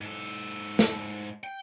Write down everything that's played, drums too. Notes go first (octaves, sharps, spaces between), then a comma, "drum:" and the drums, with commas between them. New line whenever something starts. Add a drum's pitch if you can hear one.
G#2 A4
drum: snare
G5